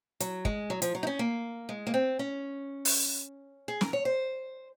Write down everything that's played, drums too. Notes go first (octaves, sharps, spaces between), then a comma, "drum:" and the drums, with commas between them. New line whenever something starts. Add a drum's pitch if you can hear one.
F#3, drum: hi-hat
G#3, drum: kick
F#3
F3, drum: hi-hat
F#3
D#4
C#4
A#3
G#3
A#3
C4
C#4
drum: open hi-hat
G#4
A#4, drum: snare
C#5
C5